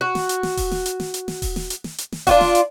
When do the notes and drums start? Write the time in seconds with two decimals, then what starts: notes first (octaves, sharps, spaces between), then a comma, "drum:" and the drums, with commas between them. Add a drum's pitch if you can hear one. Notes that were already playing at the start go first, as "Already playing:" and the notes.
0.01 F#4
0.15 drum: snare
0.29 drum: hi-hat
0.43 drum: snare
0.57 drum: kick D#1, open hi-hat
0.71 drum: snare
0.86 drum: hi-hat
1.00 drum: snare
1.14 drum: hi-hat
1.28 drum: snare
1.42 drum: kick D#1, open hi-hat
1.56 drum: snare
1.70 drum: hi-hat
1.84 drum: snare
1.98 drum: hi-hat
2.12 drum: snare
2.27 D4 F4 F#4, drum: kick D#1, open hi-hat
2.41 drum: snare
2.55 drum: hi-hat